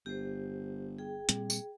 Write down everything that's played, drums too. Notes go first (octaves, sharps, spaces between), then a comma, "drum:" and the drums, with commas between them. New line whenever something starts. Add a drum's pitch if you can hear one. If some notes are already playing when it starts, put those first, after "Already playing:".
G1 G4 C5
G#4 G5
A#2 G3 C4, drum: hi-hat
drum: tambourine